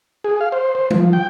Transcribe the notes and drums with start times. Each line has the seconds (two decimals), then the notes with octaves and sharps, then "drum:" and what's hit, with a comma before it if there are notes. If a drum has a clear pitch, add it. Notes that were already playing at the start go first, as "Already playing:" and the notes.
0.24 G#4
0.41 F5
0.52 C5
0.75 C5
0.91 F3, drum: tom G3
1.13 G5